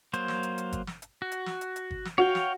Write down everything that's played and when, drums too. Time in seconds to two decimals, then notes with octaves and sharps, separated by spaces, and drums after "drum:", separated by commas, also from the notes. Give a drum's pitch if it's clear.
0.13 F#3 A#3 C5, drum: hi-hat
0.28 drum: snare
0.43 drum: hi-hat
0.58 drum: hi-hat
0.72 drum: kick G1, hi-hat
0.87 drum: snare
1.02 drum: hi-hat
1.22 F#4
1.32 drum: hi-hat
1.46 drum: snare
1.61 drum: hi-hat
1.76 drum: hi-hat
1.91 drum: kick G1
2.05 drum: snare
2.18 F#4 C#5 F5 G5
2.35 drum: snare